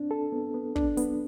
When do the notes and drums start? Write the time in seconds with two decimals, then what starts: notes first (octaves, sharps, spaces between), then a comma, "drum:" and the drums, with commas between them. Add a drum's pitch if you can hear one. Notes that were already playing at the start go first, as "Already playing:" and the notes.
Already playing: C4 D4
0.11 A4
0.32 B3
0.54 B3
0.76 D4, drum: kick
0.97 B3, drum: hi-hat